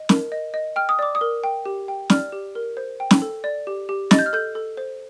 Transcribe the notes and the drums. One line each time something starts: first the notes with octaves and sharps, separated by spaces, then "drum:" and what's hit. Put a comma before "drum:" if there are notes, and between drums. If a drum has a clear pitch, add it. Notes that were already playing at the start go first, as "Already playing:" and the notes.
Already playing: D#5
A#4, drum: snare
D#5
D#5
G5 F6
D#6
D5 D6
D#6
A#4
G5
G4
G5
D5 F6, drum: snare
G4
A#4
C5
G5
drum: snare
A4
D5
G4
G4
D#5 A6, drum: snare
G6
F6
A4 G6
A4
C5